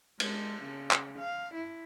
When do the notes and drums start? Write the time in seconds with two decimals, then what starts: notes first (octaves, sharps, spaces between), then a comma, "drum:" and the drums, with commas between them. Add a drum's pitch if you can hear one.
0.20 G#3, drum: cymbal
0.63 C#3
0.91 drum: clap
1.19 F5
1.54 E4